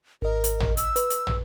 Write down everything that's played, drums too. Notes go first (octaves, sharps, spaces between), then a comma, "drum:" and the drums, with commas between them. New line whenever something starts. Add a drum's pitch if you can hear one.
G#1 A#4 D#5
drum: hi-hat
drum: tom
E6, drum: hi-hat
B4, drum: hi-hat
drum: hi-hat
drum: tom